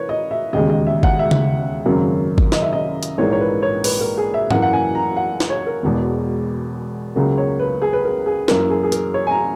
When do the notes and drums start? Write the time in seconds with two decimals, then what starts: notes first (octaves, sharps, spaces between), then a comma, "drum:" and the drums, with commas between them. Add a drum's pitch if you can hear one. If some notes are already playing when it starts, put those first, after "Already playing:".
Already playing: E3 A#4 B4 C#5
0.09 D#5
0.31 E5
0.53 E1 D#2 C#3 G#3 D#5
0.70 D#5
0.87 E5
1.03 F#5, drum: kick G1
1.19 E5
1.31 drum: tom C#3
1.85 G#1 F#2 C#3 F#3 A#3
2.38 drum: kick G1
2.52 D#5, drum: snare
2.62 E5
2.73 D#5
3.03 drum: hi-hat
3.18 A#1 G#2 E3 A#3 C#5
3.32 C#5
3.40 B4
3.62 C#5
3.84 B4, drum: open hi-hat
4.01 A#4
4.18 G#4
4.34 E5
4.51 F#2 E3 A#3 F#5, drum: tom G#2
4.62 F#5
4.73 G#5
4.95 A#5
5.16 F#5
5.40 drum: snare
5.50 C#5
5.67 A#4
5.83 E1 E2 B2 G#3
7.16 C#2 C#3 F#3 A#3
7.38 C#5
7.59 B4
7.82 G#4
7.93 B4
8.04 A#4
8.26 G#4
8.48 F#2 E3 A#3 A#4, drum: snare
8.70 G#4
8.83 G#4
8.92 A#4, drum: hi-hat
9.14 C#5
9.27 G#5
9.31 A#5